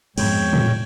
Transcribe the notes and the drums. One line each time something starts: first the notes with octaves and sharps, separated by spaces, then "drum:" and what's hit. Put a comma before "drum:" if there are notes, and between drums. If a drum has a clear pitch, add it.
F2 G#2 B2 G#3 C#5 G5, drum: cymbal
drum: tom